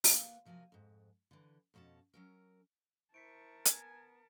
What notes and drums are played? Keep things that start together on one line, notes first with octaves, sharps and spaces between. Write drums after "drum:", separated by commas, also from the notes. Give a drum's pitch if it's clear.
D#2 F3 A#3 B4 F#5, drum: open hi-hat
C3 F3 F#3 A#4 G#5
F2 G#2
D3 E3
F2 B2 C#4 A#4 A5
F#3 C#4 A#4
E4 A#4 C5 A5 C#6 B6 C#7 D7
B3 G#5, drum: hi-hat